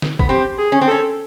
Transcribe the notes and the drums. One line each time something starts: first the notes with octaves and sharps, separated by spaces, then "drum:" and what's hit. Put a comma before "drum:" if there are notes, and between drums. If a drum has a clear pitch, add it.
drum: snare
B3, drum: kick
C4 G4
G#4
C#4
C4
A4
C#4